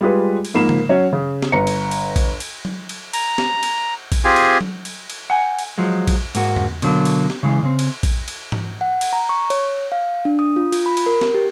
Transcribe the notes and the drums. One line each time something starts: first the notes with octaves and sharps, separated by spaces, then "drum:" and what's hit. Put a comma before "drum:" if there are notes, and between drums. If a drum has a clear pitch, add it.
G3 G#3 F4 G#4 B4
drum: cymbal
G#2 F3 A#3 B5 C7 E7
drum: tom C#3
F#3 C#4 C#5
C#3
drum: snare
G1 B4 A#5 C#7
drum: cymbal
drum: cymbal
drum: kick A#1, cymbal
drum: cymbal
drum: tom F#3
drum: cymbal
A#5, drum: cymbal
drum: snare
drum: cymbal
drum: kick A#1, cymbal
C4 F4 G4 G#4 G#5
drum: cymbal
drum: tom F#3
drum: cymbal
drum: cymbal
F#5 G#5
drum: cymbal
F3 F#3 G#3
drum: kick A#1, cymbal
G#2 A#3 F#4, drum: cymbal
drum: tom E2
B2 D3 F#3 A#3, drum: cymbal
drum: cymbal
drum: snare
C#3 E3 G#3
C#3 C4
drum: cymbal
drum: kick A#1, cymbal
drum: cymbal
drum: tom G#2
F#5
drum: cymbal
A#5
C#6
C#5, drum: cymbal
F5
D4
D#6
F4
F4, drum: cymbal
B5
drum: cymbal
A#4
drum: snare
G4